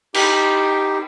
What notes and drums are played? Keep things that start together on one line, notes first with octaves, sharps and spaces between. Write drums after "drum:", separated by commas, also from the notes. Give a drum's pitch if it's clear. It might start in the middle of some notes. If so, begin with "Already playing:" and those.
D#4 G4, drum: cymbal